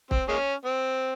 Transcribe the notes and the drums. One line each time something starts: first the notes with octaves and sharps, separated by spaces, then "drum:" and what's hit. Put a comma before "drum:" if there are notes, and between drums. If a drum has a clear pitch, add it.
C4, drum: kick
G#3 A#3 C#4
C4